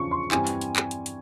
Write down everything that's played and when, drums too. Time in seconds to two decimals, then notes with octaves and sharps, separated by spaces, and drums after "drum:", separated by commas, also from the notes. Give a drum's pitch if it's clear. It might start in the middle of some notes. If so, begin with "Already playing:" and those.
Already playing: E2 C#3 F3 C#6
0.11 C6
0.32 G2 E3 G3 C4 G#5, drum: clap
0.47 drum: hi-hat
0.61 drum: hi-hat
0.76 drum: clap
0.91 drum: hi-hat
1.06 drum: hi-hat